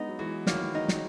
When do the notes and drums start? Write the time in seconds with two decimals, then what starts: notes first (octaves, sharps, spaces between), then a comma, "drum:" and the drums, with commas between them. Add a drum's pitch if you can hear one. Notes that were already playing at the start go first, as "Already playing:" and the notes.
Already playing: G#3 B3 D#4
0.08 F#3
0.19 E3 G#3 F#4
0.47 D#3 F#3 A#3, drum: snare
0.75 D#4
0.88 drum: snare